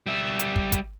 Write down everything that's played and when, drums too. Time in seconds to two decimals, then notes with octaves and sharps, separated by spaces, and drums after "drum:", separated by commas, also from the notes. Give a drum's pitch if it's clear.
0.07 G3 E5
0.39 drum: hi-hat
0.56 drum: kick
0.72 drum: kick, hi-hat